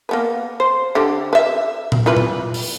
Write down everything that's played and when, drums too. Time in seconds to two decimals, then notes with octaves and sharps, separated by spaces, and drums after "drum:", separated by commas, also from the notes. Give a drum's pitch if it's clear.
0.09 A#3 B3 B4
0.60 C5
0.95 D3 G4
1.33 B4 E5
1.92 drum: tom A#2
2.06 E3 F4 B4
2.17 drum: tom A#2
2.54 drum: open hi-hat